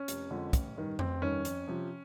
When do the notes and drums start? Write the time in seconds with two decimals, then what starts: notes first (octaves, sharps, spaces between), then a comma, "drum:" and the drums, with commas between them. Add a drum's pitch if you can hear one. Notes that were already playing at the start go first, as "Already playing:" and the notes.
Already playing: C#4
0.08 F1, drum: hi-hat
0.30 F2 D3 F3 G#3
0.53 A1, drum: kick, hi-hat
0.76 G2 D#3
0.99 A1 C4, drum: tom F2
1.22 G2 D#3 C#4
1.45 F2, drum: hi-hat
1.68 C3 F3